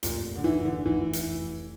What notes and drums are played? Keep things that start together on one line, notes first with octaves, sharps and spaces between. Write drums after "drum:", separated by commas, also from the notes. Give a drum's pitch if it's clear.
F1 A#2, drum: hi-hat
D3
F1 E3
D3
F1 E3
drum: hi-hat
F1